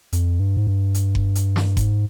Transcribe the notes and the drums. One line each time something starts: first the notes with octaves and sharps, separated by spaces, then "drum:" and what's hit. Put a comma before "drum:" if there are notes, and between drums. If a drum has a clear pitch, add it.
F2, drum: hi-hat
G2
G#2
G2
drum: hi-hat
drum: kick F#1
drum: hi-hat
drum: snare
G#2, drum: kick F#1, hi-hat